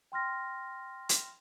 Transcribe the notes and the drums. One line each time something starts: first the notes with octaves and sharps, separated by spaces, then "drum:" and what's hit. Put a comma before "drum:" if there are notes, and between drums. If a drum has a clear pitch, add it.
G5 C6 F6 A#6
drum: hi-hat